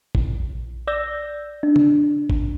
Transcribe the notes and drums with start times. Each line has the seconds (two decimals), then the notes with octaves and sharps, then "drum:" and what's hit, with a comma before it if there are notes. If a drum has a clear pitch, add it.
0.15 A#1, drum: kick
0.87 D5 E6 G6 A#6
1.63 D4
1.76 drum: tom C#3
2.30 drum: kick